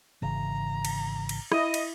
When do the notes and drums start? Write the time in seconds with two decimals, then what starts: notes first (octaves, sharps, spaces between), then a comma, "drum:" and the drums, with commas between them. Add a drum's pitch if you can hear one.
0.22 G#1 C#3 E3 A#5
0.85 drum: cymbal
1.29 drum: cymbal
1.52 E4 D#5, drum: rim click
1.74 drum: cymbal